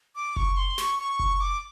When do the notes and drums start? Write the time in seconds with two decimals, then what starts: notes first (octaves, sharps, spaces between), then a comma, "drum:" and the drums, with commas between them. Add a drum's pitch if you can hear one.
0.16 D6
0.36 C#6, drum: kick F#1
0.57 C6
0.78 C#6, drum: snare
0.99 C#6
1.19 drum: kick F#1
1.40 D6